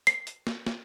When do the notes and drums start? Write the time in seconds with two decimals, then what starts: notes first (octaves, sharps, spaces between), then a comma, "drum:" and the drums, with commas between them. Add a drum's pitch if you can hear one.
0.07 C7, drum: hi-hat
0.27 drum: hi-hat
0.47 drum: snare
0.67 drum: snare